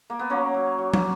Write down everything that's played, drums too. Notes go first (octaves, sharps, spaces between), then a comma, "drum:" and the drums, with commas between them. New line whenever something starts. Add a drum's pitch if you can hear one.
A#3
B3
F#3 A#3 C#4
F#3
F#3
drum: tom